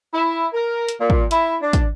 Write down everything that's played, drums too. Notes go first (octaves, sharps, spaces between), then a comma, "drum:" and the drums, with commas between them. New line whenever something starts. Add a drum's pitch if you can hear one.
E4
A#4
drum: hi-hat
A#2
drum: kick
E4, drum: hi-hat
D4
drum: kick, hi-hat